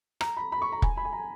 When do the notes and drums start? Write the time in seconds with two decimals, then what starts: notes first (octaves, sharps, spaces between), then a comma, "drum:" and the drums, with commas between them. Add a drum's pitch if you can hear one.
0.21 A#5, drum: rim click
0.37 B5
0.52 B5
0.62 C#6
0.72 A#5
0.82 G#5, drum: kick
0.97 B5
1.05 G#5
1.13 A#5